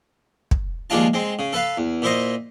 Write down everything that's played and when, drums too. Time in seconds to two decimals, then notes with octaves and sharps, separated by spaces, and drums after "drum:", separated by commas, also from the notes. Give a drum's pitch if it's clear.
0.51 drum: kick
0.90 D#2 F3 G#3 D4 F4 A5
1.14 G#3 C4
1.39 C#3
1.53 A4 B4 F5
1.77 E2
2.02 A#2 E4 C5 D#5